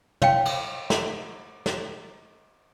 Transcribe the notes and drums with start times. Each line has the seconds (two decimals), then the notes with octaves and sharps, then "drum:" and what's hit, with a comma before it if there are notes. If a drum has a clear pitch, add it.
0.22 C#5 F5 G5, drum: tom
0.45 drum: cymbal
0.90 drum: snare
1.66 drum: snare